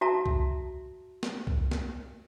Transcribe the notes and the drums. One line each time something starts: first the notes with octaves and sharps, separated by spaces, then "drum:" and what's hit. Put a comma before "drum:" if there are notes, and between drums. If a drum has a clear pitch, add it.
F#4 E5 A5 A#5
drum: kick C2
drum: snare
drum: kick C2
drum: snare